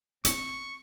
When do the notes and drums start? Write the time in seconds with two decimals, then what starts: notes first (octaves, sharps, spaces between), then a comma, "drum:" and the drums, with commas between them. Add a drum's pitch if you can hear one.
0.25 C4 C#6, drum: hi-hat